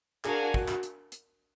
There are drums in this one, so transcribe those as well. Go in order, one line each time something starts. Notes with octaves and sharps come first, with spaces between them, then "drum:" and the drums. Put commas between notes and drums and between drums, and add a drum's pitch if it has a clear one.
D4 F#4 G#4 A#4 F5 G#5, drum: clap
F#4, drum: kick
F#4, drum: clap
drum: hi-hat
drum: hi-hat